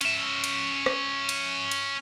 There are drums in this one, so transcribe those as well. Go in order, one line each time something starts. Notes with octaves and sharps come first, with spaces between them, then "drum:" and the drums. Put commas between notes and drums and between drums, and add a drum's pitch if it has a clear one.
C#4 E5, drum: cymbal
drum: cymbal
drum: rim click
drum: cymbal
drum: cymbal